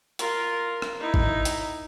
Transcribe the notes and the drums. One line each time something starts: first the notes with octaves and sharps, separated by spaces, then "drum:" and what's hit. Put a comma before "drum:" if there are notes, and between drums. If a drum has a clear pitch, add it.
F4 A#4, drum: hi-hat
drum: rim click
D#4 E4
drum: kick
drum: hi-hat